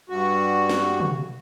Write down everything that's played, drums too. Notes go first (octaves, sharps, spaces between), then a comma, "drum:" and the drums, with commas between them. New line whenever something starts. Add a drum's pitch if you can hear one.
G2 F#4
drum: snare
drum: tom